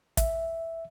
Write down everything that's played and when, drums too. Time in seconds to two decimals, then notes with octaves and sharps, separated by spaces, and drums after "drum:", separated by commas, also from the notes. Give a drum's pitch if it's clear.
0.17 E5, drum: kick, hi-hat